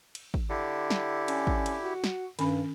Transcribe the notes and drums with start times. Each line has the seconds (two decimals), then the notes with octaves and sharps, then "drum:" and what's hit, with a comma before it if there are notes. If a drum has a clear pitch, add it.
0.15 drum: cymbal
0.34 drum: kick
0.50 D3 E4 G4
0.90 drum: snare
1.28 C#4, drum: cymbal
1.47 drum: kick
1.66 drum: cymbal
1.83 F#4
2.04 drum: snare
2.39 G2 D#3 C#4 B5, drum: cymbal